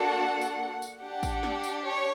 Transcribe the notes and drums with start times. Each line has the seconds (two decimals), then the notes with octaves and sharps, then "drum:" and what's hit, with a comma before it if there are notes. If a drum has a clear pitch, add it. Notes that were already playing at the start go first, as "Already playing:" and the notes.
Already playing: A#3 D4 F#4 A4 F#5
0.41 drum: tambourine
0.82 drum: tambourine
1.02 D4 G4 F#5
1.23 drum: kick A1, tambourine
1.43 drum: snare
1.63 drum: tambourine
1.84 C#5